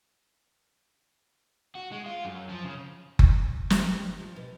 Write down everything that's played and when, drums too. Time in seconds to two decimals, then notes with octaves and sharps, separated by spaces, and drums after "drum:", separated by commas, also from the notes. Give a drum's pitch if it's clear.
1.75 F#4
1.92 G#3
2.06 F4
2.25 F#2
2.49 F3
2.65 C#3
3.19 drum: kick F#1
3.70 G3, drum: snare
3.89 G4
4.05 D4
4.20 F3
4.36 B2